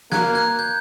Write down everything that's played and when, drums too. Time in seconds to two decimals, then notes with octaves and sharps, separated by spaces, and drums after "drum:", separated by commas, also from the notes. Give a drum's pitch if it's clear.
0.12 A#3 F#6 G#6, drum: snare
0.35 F#6 G#6
0.59 G6